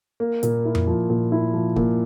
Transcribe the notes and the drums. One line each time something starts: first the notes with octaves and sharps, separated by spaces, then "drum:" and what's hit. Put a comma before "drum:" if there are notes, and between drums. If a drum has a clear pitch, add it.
A#3
A#2, drum: hi-hat
E4
drum: tom F2
F3
A#2
E4
F3
A#2, drum: kick